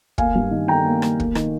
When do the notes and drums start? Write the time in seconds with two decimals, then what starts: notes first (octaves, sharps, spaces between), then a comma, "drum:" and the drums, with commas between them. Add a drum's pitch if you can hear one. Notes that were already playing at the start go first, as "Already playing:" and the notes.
0.18 A#3 F5 G#5, drum: kick
0.35 G2
0.51 D#3
0.68 D#3 G5 A#5
0.85 A#3
1.02 A#3, drum: rim click
1.20 A#3, drum: kick
1.35 D#3, drum: rim click